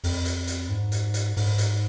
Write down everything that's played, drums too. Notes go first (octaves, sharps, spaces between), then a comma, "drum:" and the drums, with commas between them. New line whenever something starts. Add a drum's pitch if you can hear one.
F2, drum: open hi-hat
drum: hi-hat
drum: hi-hat
G#2
drum: hi-hat
drum: hi-hat
G#2, drum: open hi-hat
drum: hi-hat